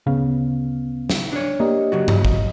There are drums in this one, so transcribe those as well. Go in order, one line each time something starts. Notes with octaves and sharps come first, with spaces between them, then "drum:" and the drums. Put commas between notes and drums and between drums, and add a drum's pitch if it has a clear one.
D2 C#3 B3 F5
drum: snare
D4 C#5
A#3 G4 D5 D#5
C#3 F#3 F#4
drum: tom G2
D#5, drum: kick